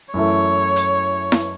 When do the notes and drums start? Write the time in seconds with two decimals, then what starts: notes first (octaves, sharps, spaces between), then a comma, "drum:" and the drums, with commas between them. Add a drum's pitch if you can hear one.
0.14 F#2 E3 A3 C#5
0.76 drum: hi-hat
1.32 drum: snare E4